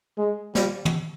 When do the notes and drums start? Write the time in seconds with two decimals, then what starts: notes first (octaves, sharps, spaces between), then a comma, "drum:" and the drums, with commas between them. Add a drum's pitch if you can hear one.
0.18 G#3
0.55 G3, drum: snare
0.85 drum: tom